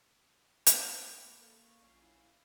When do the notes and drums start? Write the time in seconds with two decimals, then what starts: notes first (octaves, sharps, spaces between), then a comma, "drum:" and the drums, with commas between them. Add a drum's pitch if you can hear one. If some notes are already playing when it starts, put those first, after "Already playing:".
0.66 drum: hi-hat
1.15 A#3 B5
1.41 A4
1.61 C#6
1.81 A#1 C#4 F5
2.02 E4